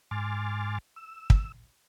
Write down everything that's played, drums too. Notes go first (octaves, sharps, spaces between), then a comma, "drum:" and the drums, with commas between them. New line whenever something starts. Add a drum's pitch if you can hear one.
G#2 G#5 C6 D6 F6 A6
E6
drum: kick